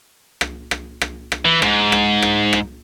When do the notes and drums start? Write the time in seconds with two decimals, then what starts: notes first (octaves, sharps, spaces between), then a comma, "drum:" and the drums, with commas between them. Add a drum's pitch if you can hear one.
0.41 drum: rim click
0.71 drum: rim click
1.01 drum: rim click
1.32 drum: rim click
1.45 E3
1.62 G#2, drum: rim click
1.92 drum: rim click
2.22 drum: rim click
2.53 drum: rim click